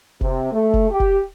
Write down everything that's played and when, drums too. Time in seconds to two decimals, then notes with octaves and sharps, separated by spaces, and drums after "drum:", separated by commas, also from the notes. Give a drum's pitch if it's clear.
0.21 C3, drum: kick F1
0.52 A3
0.73 drum: kick F1
0.90 G4
1.00 drum: kick F1